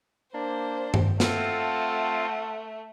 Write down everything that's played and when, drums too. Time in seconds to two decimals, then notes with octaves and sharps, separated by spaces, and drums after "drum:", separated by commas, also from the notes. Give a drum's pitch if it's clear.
0.35 A#3 D4 C5
0.94 drum: tom G2
1.20 A3 C4 F4 A4 F#5, drum: snare